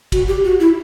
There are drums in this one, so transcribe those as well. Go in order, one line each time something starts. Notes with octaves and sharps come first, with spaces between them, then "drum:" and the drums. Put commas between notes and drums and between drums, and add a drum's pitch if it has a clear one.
F#4, drum: kick, cymbal
G4
F#4
E4